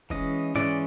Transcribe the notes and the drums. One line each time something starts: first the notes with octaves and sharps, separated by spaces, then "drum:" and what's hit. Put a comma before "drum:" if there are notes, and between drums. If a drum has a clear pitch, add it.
E3 G#3 C#4 D#5, drum: kick F1
E3 G#3 C#4 D5, drum: tom G#2